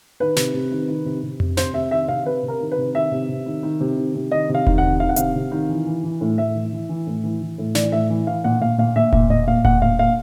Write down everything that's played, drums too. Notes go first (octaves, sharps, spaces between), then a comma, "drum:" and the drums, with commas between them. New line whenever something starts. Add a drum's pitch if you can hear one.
D#3 B4
C3, drum: snare
C3
D#3
D#3
C3
C3
C3, drum: tom F2
C3 C5, drum: snare
C3 E5
D#3 E5
C3 F5
C3 B4
C3
A#4
D#3
B4
C3
D#3 E5
C3
C3
D#3
D#3
C3
D#3
C3
D#3 D#5
C3
F5
D#3, drum: kick E1
F#5
C3
D#3 F5
F#5
C3 F5, drum: hi-hat
C3
D#3
E3
E3
E3
A2
A2 E5
E3
E3
E3
A2
E3
E3
A2
E3 D5, drum: snare
A2 E5
E3
E3 F5
A#2 F#5
A#2 F5
A#2 F5
A#2 E5
A#2 E5, drum: kick E1
A#2 D#5
A#2 F5
A#2 F#5, drum: kick E1
A#2 F5
A#2 F5